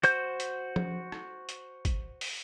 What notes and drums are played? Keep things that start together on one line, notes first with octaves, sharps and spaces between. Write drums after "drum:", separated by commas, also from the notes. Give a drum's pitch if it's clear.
F#4 C5 G6, drum: hi-hat
drum: hi-hat
drum: tom F3
drum: rim click
drum: hi-hat
drum: kick, hi-hat
drum: open hi-hat